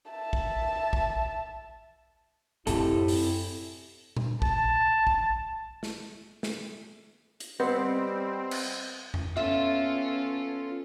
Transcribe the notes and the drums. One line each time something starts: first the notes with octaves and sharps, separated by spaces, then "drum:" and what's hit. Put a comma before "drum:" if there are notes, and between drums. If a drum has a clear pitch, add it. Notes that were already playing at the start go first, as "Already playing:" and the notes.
E5 A5
drum: kick
drum: kick
F#2 A2 C3 C4 E4 G4 A4, drum: hi-hat
drum: open hi-hat
drum: tom A#2
A5, drum: kick
drum: kick
drum: snare
drum: snare
drum: hi-hat
G3 B3 C4 C5 D#5 F#5
drum: cymbal
drum: tom F2
B3 C#4 F4 A4 E5 F5